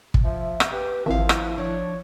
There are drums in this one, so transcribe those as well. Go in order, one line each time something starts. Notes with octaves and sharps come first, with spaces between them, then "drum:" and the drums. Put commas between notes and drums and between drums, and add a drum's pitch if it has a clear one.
drum: kick
F3 E5
drum: rim click
G4 B4
G#1 F3 E4 E5 F5
drum: rim click
F3 D4 C#5